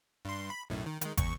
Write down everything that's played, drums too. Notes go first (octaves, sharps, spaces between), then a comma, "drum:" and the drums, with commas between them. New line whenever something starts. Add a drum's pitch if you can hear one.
G2 C6
B5
B1 F#2 A2
D#3
D#3 G#3, drum: hi-hat
E2 C#6, drum: kick, hi-hat